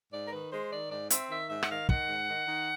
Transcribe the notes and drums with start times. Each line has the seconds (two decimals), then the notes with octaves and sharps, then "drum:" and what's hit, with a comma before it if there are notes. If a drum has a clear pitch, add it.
0.12 G#2 D5
0.26 A#4
0.32 D#3 B4
0.51 G#3 C5
0.71 D#3 D5
0.91 G#2 D5
1.10 C4 E5, drum: hi-hat
1.30 D#3 E5
1.50 G#2 E5
1.63 F#5, drum: rim click
1.69 D#3 F5
1.89 D#3 F#5, drum: kick
2.08 G#2
2.28 D#3
2.48 D#3